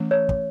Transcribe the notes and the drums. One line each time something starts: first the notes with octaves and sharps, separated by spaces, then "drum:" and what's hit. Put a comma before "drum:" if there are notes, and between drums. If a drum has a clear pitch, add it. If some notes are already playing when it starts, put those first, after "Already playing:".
Already playing: E3 A3 C#4
C#5
drum: kick